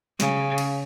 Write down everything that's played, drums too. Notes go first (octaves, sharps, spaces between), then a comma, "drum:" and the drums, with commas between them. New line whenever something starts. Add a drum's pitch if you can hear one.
C#3, drum: snare
drum: cymbal